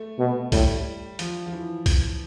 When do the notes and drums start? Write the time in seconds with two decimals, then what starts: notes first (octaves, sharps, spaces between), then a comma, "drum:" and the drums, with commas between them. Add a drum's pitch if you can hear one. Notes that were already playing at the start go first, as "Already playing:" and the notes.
Already playing: A3
0.19 B2
0.52 A2 G3, drum: kick, open hi-hat
1.19 F3, drum: hi-hat
1.46 F3
1.52 E3
1.86 drum: kick, open hi-hat